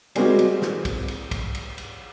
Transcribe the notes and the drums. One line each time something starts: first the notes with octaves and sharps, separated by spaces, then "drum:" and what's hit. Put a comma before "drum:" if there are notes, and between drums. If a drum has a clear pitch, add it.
G3 G#3 A#3 C4 F#4 G4, drum: cymbal
drum: cymbal
drum: snare
drum: kick, cymbal
drum: cymbal
drum: kick, cymbal
drum: cymbal
drum: cymbal